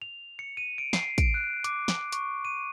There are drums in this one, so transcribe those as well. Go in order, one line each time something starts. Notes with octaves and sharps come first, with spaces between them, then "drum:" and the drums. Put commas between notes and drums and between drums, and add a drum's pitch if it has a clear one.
F7
C#7
D#7
D7
C7, drum: snare
D7, drum: kick, hi-hat
F#6
D6, drum: hi-hat
drum: snare
C#6, drum: hi-hat
D#7